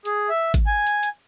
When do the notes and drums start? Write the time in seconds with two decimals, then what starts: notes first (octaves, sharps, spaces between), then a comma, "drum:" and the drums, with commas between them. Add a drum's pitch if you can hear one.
0.05 G#4, drum: hi-hat
0.29 E5
0.54 drum: kick G#1, hi-hat
0.67 G#5
0.87 drum: hi-hat
1.03 drum: hi-hat